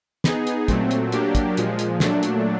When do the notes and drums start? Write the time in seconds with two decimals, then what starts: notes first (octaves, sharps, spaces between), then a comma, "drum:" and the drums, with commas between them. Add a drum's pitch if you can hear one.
0.24 B3 D#4 G#4, drum: snare
0.47 drum: hi-hat
0.68 A#2 F#3 A3 C4, drum: kick, hi-hat
0.91 drum: hi-hat
1.12 F#3 A#3 D4 G4, drum: hi-hat
1.35 drum: kick, hi-hat
1.57 A#2 F3 G#3, drum: hi-hat
1.79 drum: hi-hat
2.00 A#2 F#3 A3 D4, drum: snare
2.23 drum: hi-hat